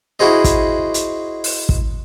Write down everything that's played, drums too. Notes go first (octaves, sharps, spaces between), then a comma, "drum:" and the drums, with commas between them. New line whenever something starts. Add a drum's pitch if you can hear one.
E4 F#4 G#4 C5 D#5
drum: kick, hi-hat
drum: hi-hat
drum: open hi-hat
drum: kick